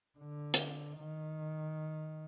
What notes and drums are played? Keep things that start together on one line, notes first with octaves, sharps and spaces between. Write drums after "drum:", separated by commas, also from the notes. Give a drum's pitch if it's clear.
D3
drum: hi-hat
D#3